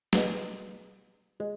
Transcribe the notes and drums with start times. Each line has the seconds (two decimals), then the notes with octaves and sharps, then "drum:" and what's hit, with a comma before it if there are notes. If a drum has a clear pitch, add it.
0.13 B2 G3 D4, drum: snare
1.40 G#3